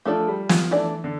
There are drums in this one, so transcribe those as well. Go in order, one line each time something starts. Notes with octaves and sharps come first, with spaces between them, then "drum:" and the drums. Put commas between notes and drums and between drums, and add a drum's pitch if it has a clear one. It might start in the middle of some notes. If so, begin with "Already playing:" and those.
F3 A3 D4 A4 D5
G3
F3, drum: snare
E3 A3 D4 A4 D5
D3